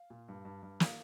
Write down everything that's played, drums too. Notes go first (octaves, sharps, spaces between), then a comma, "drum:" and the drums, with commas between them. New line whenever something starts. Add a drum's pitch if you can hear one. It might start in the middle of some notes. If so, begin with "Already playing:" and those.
Already playing: F5
A#2
G2
G2
G2
F5, drum: snare